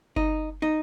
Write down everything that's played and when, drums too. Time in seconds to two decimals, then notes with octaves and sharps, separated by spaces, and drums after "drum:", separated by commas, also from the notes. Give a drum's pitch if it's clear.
0.16 D#4, drum: kick G1
0.62 D#4